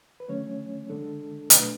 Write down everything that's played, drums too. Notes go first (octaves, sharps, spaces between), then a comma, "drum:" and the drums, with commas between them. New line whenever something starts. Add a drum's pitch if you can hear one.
B4
D3 F#3 A3 C#4 C#5
D3 G#3 D4 A4
B2 F#3 A3 D4 B4, drum: hi-hat